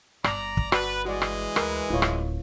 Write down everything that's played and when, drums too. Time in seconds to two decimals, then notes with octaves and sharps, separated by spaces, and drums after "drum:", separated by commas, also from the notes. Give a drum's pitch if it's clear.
0.24 G1 D5 A#5, drum: rim click
0.57 drum: kick
0.72 F#4 B4 D5 A5, drum: rim click
1.05 E3 G#3 F#4 D5
1.22 drum: rim click
1.56 D2 A#4 B4, drum: rim click
1.90 D1 C4 E4 F4 C#5
2.02 drum: rim click